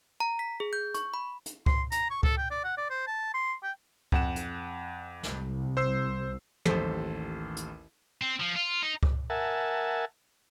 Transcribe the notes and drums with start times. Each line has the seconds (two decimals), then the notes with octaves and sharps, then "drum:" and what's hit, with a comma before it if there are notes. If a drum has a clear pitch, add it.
0.20 A#5
0.39 B6
0.60 G#4
0.73 G6
0.94 C#6, drum: hi-hat
1.14 B5
1.46 drum: hi-hat
1.66 C6, drum: kick C#2
1.92 A#5, drum: hi-hat
2.11 C#6
2.23 A4, drum: kick C#2
2.38 G5
2.51 D5
2.64 F#5
2.78 D5
2.90 C5
3.07 A5
3.34 C6
3.63 G5
4.12 F2 F#5 E7, drum: kick C#2
4.36 drum: hi-hat
5.23 C2, drum: snare
5.77 C5 E6 C7
6.65 A1 D#2 A4 C5 B6, drum: tom
7.57 drum: hi-hat
8.22 C4
8.40 F3
8.56 F4
8.82 D#4
9.03 drum: kick C#2
9.30 A#4 E5 F#5 G#5 A5